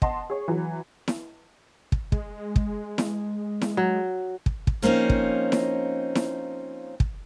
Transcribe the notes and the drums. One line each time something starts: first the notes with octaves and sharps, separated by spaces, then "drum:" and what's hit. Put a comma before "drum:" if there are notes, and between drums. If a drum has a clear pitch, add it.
D#5 F#5 A5 C6, drum: kick
G#4 C#5
E3 F#3
drum: snare E4
drum: kick
G#3, drum: kick
drum: kick
drum: snare E4
drum: snare E4
F#3
drum: kick
drum: kick
F3 A#3 C4 C#4 D#4
drum: kick
drum: snare E4
drum: snare E4
drum: kick